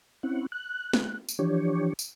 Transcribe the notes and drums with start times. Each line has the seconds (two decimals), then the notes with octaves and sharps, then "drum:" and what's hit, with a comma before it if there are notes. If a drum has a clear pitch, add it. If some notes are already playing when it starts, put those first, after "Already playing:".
0.23 C4 C#4 E4 F#5
0.52 F#6
0.93 drum: snare
1.29 drum: tambourine
1.39 E3 F3 D4 G4 C#5
1.99 drum: tambourine